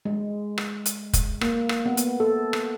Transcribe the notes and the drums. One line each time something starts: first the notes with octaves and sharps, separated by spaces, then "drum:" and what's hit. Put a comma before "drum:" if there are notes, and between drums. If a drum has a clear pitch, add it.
G#3
drum: rim click
drum: hi-hat
drum: kick F1, hi-hat
A#3, drum: rim click
drum: rim click
B3
drum: hi-hat
A4
drum: rim click